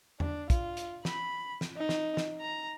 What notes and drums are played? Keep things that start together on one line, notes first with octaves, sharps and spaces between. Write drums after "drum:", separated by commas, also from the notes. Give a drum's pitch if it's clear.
D4, drum: tom E2
F4, drum: kick, hi-hat
drum: hi-hat
B5, drum: snare
drum: snare
D#4
drum: snare
drum: snare
A#5